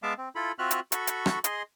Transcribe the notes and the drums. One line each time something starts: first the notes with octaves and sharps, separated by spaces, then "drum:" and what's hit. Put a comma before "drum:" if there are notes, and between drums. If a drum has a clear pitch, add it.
G#3 B3 E5 F5 A5 D6
C4
E4 F4 A4 B5
C4 F4 F#4 E5 F6 F#6
drum: hi-hat
F#4 A4 B5 C#6, drum: hi-hat
drum: hi-hat
drum: rim click
G#4 D#5 C6, drum: hi-hat